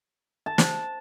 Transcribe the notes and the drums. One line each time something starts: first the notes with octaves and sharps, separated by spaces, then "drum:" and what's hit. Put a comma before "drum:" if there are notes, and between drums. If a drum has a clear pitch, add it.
A5
C5, drum: snare